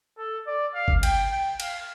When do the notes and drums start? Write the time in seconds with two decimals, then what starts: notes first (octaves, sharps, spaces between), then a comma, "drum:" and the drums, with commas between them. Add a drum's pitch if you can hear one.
0.18 A4
0.47 D5
0.75 F5
0.88 drum: kick G1
1.03 G5, drum: cymbal
1.31 G5
1.60 F5, drum: cymbal